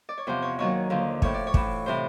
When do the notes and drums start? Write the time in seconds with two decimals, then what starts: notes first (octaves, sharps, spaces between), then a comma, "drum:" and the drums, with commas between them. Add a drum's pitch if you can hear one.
0.09 D5
0.18 C#5
0.27 E2 C3 F3 C5
0.42 C#5
0.59 D#2 D#3 F#3 C#5
0.90 D#2 D3 F3
1.22 A2 F3 C#5, drum: kick
1.34 D5
1.47 C#5
1.54 A2 E3, drum: kick
1.86 C3 E3 C5